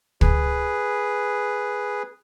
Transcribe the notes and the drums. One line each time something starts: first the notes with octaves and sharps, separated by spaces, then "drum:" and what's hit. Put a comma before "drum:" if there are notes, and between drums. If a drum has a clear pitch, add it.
G#4 B4, drum: kick